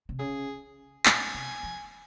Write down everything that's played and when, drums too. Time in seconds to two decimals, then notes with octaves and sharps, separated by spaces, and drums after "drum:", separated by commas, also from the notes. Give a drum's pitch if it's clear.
0.09 C3
0.19 C#3 G#4
1.06 A#2 G#5, drum: clap
1.34 C3
1.63 F3